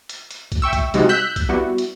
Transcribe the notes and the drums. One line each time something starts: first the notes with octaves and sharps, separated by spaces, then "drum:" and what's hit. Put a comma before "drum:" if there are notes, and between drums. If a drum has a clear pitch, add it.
drum: hi-hat
drum: hi-hat
drum: kick, hi-hat
E5 G5 C#6 E6
drum: kick, hi-hat
C3 G3 G#3 D#4 F4 F#4, drum: hi-hat
E6 F#6 G6 B6
drum: kick, hi-hat
G3 B3 E4 F#4
drum: hi-hat